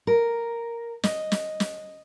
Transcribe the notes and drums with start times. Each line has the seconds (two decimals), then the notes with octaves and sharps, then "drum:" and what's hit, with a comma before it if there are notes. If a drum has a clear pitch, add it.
0.07 A#4
1.03 D#5, drum: snare
1.32 drum: snare
1.60 drum: snare